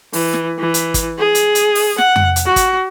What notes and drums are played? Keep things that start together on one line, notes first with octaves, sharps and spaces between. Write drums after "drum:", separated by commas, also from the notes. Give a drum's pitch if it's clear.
E3, drum: open hi-hat
drum: snare
E3
drum: hi-hat
drum: kick, hi-hat
G#4
drum: hi-hat
drum: hi-hat
drum: open hi-hat
F#5, drum: snare
drum: tom F2
drum: hi-hat
F#4
drum: kick, hi-hat